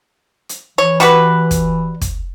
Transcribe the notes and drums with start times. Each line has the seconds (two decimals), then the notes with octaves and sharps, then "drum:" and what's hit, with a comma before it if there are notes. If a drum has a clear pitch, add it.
0.49 drum: hi-hat
0.78 E3 C#5
1.00 G3 F#4 B4, drum: hi-hat
1.51 drum: kick, hi-hat
2.01 drum: kick, hi-hat